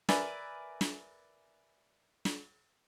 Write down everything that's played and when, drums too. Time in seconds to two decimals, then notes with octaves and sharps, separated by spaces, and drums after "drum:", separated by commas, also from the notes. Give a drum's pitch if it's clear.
0.09 A#4 B4 D5 E5 G#5, drum: snare
0.81 drum: snare
2.25 drum: snare